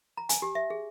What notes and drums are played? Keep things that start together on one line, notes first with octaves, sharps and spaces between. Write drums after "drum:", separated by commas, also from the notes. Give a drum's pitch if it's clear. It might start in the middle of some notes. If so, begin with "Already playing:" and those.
A#5
G#5, drum: hi-hat
G4
E5
G#4